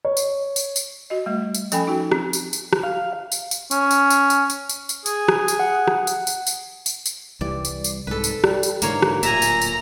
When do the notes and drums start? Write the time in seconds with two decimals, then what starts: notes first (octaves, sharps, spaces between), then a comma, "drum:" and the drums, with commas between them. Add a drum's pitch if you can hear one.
0.05 C#5
0.17 drum: tambourine
0.56 drum: tambourine
0.76 drum: tambourine
1.10 F#4 D#5
1.26 G3 A3
1.54 drum: tambourine
1.72 F3 C#4 A4 G5 G#5 B5, drum: tambourine
1.87 D#4 F#4 A4
2.12 C4, drum: rim click
2.33 drum: tambourine
2.53 drum: tambourine
2.73 drum: rim click
2.83 F5
3.32 drum: tambourine
3.51 drum: tambourine
3.71 C#4, drum: tambourine
3.91 drum: tambourine
4.10 drum: tambourine
4.30 drum: tambourine
4.50 drum: tambourine
4.69 drum: tambourine
4.89 drum: tambourine
5.06 G#4, drum: tambourine
5.28 drum: rim click
5.48 drum: tambourine
5.59 F#5
5.88 drum: rim click
6.07 drum: tambourine
6.27 drum: tambourine
6.47 drum: tambourine
6.86 drum: tambourine
7.06 drum: tambourine
7.41 C2 E3 G3 D5
7.65 drum: tambourine
7.84 drum: tambourine
8.07 C2 G#2 A4 B4
8.24 drum: tambourine
8.44 G3, drum: rim click
8.63 drum: tambourine
8.82 G#2 D3 E3 A#3 A#4 C#5, drum: tambourine
9.02 drum: rim click
9.23 D1 A#2 E5 G#5 A#5, drum: tambourine
9.42 drum: tambourine
9.62 drum: tambourine